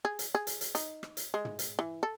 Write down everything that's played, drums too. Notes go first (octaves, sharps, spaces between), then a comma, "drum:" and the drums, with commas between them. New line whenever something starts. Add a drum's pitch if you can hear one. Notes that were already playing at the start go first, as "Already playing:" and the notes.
G#4
drum: hi-hat
G#4
drum: hi-hat
drum: hi-hat
D#4, drum: hi-hat
drum: rim click
drum: hi-hat
G#3
drum: tom
drum: hi-hat
E3
A4